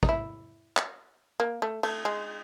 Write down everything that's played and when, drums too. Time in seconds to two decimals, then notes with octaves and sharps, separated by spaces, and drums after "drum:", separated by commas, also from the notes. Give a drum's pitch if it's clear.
0.03 D#4, drum: kick
0.09 E4
0.77 drum: clap
1.40 A#3
1.62 A3
1.83 A3, drum: cymbal
2.05 G#3